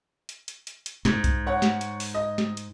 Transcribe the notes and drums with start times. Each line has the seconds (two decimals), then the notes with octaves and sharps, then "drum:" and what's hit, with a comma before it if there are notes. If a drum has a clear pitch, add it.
0.29 drum: hi-hat
0.48 drum: hi-hat
0.67 drum: hi-hat
0.86 drum: hi-hat
1.05 G#2, drum: snare
1.24 drum: kick C2, hi-hat
1.47 C#5 F#5
1.62 drum: snare
1.81 drum: hi-hat
2.00 drum: open hi-hat
2.14 D#5
2.38 drum: snare
2.57 drum: hi-hat